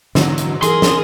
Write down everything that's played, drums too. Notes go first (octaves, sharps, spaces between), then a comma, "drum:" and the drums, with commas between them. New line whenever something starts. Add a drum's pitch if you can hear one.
G#2 B2 D3 E3 F#3, drum: snare
drum: hi-hat
E3 G#4 A#4 C6, drum: hi-hat
drum: snare